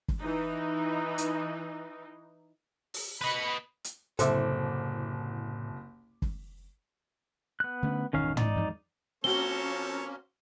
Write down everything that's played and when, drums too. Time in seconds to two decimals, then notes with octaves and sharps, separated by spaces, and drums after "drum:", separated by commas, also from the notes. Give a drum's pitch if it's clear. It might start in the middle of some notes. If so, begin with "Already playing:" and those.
0.08 drum: kick F#1
0.21 E3 D#4
1.18 drum: hi-hat
2.94 drum: open hi-hat
3.21 B4 D#5 B5 C#7
3.84 drum: hi-hat
4.19 F#1 C2 A2 A4 C5 E5 D6, drum: hi-hat
6.22 drum: kick F#1
7.60 B3 F#6
7.83 D3 A3 C#4
8.13 G1 E2 A#2 D#3 C#4 F5
8.37 D#4 D5, drum: tom
8.55 E2 F3 G#3
9.24 F3 A#3 C4 C#4 F#4 A4 C#5 G7